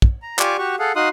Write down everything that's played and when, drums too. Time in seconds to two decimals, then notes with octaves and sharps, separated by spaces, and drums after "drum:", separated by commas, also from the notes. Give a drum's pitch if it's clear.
0.02 drum: kick
0.22 A#5
0.39 F4 G4 D5 G#5 C#6 D6, drum: clap
0.58 F#4 G4 F#5 C#6
0.79 G#4 A4 F5 F#5
0.96 D#4 F#4 F5 C6 D#6 F#6